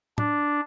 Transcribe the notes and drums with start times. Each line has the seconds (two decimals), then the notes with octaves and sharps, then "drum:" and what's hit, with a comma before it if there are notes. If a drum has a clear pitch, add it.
0.18 D4, drum: tom